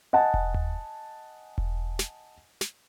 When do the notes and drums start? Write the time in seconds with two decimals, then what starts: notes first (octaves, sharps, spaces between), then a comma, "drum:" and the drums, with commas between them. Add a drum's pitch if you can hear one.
0.13 D#5 F#5 G#5 A5
0.34 drum: kick E1
0.54 drum: tom D#2
1.58 drum: kick E1
1.99 drum: snare
2.61 drum: snare